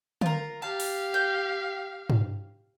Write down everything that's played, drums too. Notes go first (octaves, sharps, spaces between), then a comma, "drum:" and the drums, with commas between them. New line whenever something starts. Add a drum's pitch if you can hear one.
F4 A#4, drum: tom D3
G4 F5 A5
drum: open hi-hat
G5
drum: tom